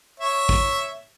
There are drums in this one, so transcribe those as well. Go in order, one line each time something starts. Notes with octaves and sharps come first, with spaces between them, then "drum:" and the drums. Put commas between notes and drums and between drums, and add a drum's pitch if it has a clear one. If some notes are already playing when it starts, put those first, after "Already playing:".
C#5 E5
drum: kick